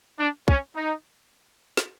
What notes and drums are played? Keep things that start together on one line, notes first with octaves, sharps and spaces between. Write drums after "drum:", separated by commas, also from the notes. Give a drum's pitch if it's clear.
D4
C#4, drum: kick
D#4
drum: snare